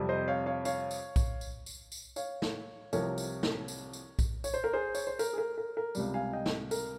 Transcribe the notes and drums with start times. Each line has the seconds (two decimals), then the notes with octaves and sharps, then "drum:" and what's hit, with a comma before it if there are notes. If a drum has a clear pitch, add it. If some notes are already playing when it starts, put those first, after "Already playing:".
Already playing: F2 C3 G3
0.09 C5 D#5
0.28 C#5 F5
0.46 C#5 F5
0.65 C#5 F5, drum: tambourine
0.91 drum: tambourine
1.16 drum: kick A#1, tambourine
1.41 drum: tambourine
1.66 drum: tambourine
1.92 drum: tambourine
2.16 C#5 F5, drum: tambourine
2.42 drum: snare
2.93 C2 C3 F3 A#4 C#5, drum: tambourine
3.18 drum: tambourine
3.43 drum: snare
3.68 drum: tambourine
3.93 drum: tambourine
4.19 drum: kick A#1, tambourine
4.44 C#5, drum: tambourine
4.54 C5
4.64 A#4
4.73 G#4 C5
4.95 C#5, drum: tambourine
5.07 C5
5.19 A#4, drum: tambourine
5.33 G#4
5.38 A#4
5.58 A#4
5.77 A#4
5.95 C#2 C3 G3, drum: tambourine
6.14 F5 G#5
6.33 D#5 G5
6.46 drum: snare
6.71 A#4, drum: tambourine